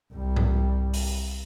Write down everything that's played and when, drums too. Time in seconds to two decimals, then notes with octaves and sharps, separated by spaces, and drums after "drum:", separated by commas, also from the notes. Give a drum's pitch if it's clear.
0.13 C2 G3
0.36 drum: tom G#2
0.94 drum: open hi-hat